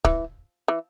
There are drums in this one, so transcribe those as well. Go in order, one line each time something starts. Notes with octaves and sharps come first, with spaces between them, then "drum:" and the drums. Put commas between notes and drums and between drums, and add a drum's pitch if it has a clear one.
E3, drum: kick D1
E3